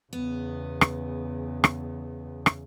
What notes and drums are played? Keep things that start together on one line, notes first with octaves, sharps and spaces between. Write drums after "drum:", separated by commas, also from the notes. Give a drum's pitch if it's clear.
E2 C#3 B3
drum: rim click
drum: rim click
drum: rim click